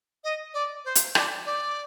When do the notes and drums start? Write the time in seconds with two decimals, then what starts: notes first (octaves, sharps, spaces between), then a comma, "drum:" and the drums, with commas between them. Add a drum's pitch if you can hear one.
0.24 D#5
0.54 D5
0.85 C5
0.95 drum: hi-hat
1.15 D5, drum: rim click
1.46 D5